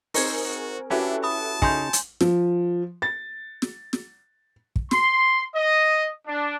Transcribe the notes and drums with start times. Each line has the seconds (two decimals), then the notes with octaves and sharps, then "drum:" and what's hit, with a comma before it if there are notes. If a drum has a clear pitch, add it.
0.14 C4 D#4 G#4 A#4 C5 C#6 G#6, drum: open hi-hat
0.44 F#4
0.90 C#4 D4 E4 F#4 G4 A4 B4
1.23 A5 B5 D#6
1.62 C#3 D#4 G#4 G#5 C6 G6, drum: kick
1.93 drum: hi-hat
2.21 F3, drum: snare
3.02 A6
3.62 drum: snare
3.93 drum: snare
4.76 drum: kick
4.91 C6, drum: snare
5.55 D#5
6.27 D4